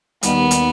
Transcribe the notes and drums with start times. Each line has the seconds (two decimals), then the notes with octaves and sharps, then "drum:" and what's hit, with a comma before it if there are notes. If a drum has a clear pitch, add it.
0.23 D#2 D#3 G3 B3, drum: hi-hat
0.51 drum: hi-hat